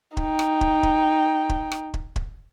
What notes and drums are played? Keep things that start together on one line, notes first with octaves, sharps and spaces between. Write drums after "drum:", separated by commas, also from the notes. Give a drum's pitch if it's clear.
D#4 G5, drum: kick
drum: rim click
drum: kick
drum: kick
drum: kick
drum: rim click
drum: kick
drum: kick